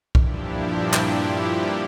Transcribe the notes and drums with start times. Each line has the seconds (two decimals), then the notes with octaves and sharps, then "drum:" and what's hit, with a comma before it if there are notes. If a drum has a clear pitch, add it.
0.15 G2 A#2 F3 D4 E4 G4, drum: kick B1
0.93 drum: clap